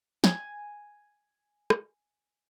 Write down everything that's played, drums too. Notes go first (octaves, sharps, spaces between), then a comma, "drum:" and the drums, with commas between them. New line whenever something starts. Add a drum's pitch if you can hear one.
G#5, drum: snare
drum: rim click